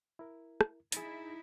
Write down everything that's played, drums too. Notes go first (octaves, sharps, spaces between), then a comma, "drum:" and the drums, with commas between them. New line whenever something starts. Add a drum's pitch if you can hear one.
E4 A#4
drum: rim click
D#4 E4 G#4 A6, drum: hi-hat